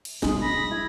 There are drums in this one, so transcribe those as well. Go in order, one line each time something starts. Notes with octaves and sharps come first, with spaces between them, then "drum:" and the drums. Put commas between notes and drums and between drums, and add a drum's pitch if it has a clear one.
drum: cymbal
B1 G3 G#3 D#6, drum: snare
F#3 C#4 B5 A#6
E4 G#6